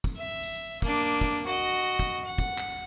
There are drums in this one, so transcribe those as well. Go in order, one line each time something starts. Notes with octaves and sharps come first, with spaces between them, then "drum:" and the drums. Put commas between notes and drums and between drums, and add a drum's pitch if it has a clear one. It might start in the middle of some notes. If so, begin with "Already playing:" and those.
drum: kick, tambourine
E5
drum: tambourine
A#3 D4, drum: kick, tambourine
drum: kick, tambourine
F#4 D#5
drum: kick, tambourine
F#5
drum: kick, tambourine
drum: clap